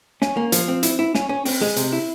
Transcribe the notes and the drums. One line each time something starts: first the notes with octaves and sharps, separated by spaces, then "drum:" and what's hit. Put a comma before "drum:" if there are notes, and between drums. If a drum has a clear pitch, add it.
C#4, drum: snare
A#3
F3, drum: hi-hat
C4
E4, drum: hi-hat
E4
C#4, drum: snare
C#4
C4, drum: open hi-hat
G#3
C3, drum: hi-hat
E4